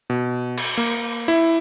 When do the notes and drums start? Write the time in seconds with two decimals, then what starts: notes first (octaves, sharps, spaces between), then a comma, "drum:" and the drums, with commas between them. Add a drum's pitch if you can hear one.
0.10 B2
0.58 drum: cymbal
0.78 A#3
1.28 E4